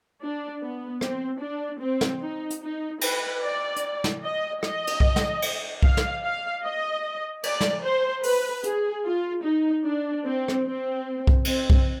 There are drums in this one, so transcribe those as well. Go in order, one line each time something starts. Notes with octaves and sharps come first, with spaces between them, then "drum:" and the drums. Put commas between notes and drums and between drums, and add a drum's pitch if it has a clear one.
D4
B3
C4, drum: rim click
D4
C4
drum: snare
D#4
drum: hi-hat
D#4
B4, drum: cymbal
D5
drum: hi-hat
drum: snare
D#5
D#5, drum: rim click
drum: cymbal
drum: kick B1
drum: snare
drum: cymbal
F5, drum: kick B1
drum: snare
F5
D#5
D5, drum: cymbal
drum: snare
C5
B4, drum: open hi-hat
G#4, drum: hi-hat
F4
D#4
D4
C4
drum: rim click
C4
drum: kick B1
C4, drum: cymbal
drum: kick B1